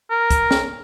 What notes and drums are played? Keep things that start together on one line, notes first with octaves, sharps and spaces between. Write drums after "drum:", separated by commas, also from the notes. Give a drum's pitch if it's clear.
A#4
drum: kick, hi-hat
drum: snare